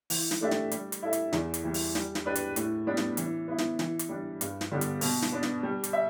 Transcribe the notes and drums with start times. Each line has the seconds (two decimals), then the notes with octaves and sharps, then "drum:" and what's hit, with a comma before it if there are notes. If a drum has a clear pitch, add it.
0.10 E3, drum: open hi-hat
0.31 drum: snare
0.41 A3 D4 G4 E5
0.51 drum: snare
0.72 G3, drum: hi-hat
0.92 drum: hi-hat
1.03 E4 A4 E5
1.13 drum: hi-hat
1.33 E2, drum: snare
1.54 drum: hi-hat
1.64 E3 G3
1.74 drum: open hi-hat
1.95 G3, drum: snare
2.15 drum: snare
2.26 D4 G4 B4
2.36 drum: hi-hat
2.56 A2, drum: hi-hat
2.87 G3 B3 D4
2.97 drum: snare
3.17 E3, drum: hi-hat
3.48 B3 E4
3.58 drum: snare
3.79 E3, drum: snare
3.99 drum: hi-hat
4.09 G3 D4
4.41 G2, drum: hi-hat
4.61 drum: snare
4.71 D3 G3 B3 D4
4.81 drum: hi-hat
5.01 B2, drum: open hi-hat
5.22 drum: snare
5.32 B3 D4
5.43 drum: snare
5.63 G3
5.84 drum: hi-hat
5.93 E5